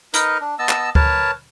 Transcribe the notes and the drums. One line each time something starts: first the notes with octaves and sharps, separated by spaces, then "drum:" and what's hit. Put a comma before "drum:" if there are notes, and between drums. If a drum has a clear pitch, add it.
D#4 A#4 B4 D#5, drum: hi-hat
D4
B3 D#5 A5 E6
drum: clap
A#4 B4 C#5 A5, drum: kick D2